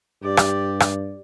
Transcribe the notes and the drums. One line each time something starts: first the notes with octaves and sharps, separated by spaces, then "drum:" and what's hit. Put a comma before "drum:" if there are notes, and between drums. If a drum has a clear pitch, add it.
G2 G4 D5
drum: rim click
drum: rim click